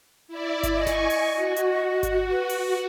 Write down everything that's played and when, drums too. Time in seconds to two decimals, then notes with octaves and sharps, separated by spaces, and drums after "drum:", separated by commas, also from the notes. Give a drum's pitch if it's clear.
0.28 E4 D5
0.63 drum: kick G1, hi-hat
0.77 D#5 G#5 C#6
0.87 drum: snare G1
1.10 drum: open hi-hat
1.33 F#4
1.56 drum: hi-hat
2.03 drum: kick G1, hi-hat
2.31 B4
2.49 drum: open hi-hat